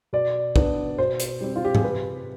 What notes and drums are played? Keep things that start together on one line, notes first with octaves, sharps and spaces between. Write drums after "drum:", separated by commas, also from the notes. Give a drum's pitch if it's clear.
B2 D5
B3 D4, drum: kick
B2 C5
drum: hi-hat
G3 C4
F4
G4
G#4, drum: tom G#2
C3 B4